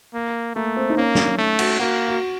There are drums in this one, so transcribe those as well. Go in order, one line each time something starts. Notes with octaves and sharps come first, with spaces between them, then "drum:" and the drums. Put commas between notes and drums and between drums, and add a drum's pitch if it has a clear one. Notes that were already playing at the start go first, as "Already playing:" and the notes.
A#3
A3 A#3
C4
D#4
A#3 C#4
drum: snare
A3
F#4, drum: cymbal
A#3 F#4
F#4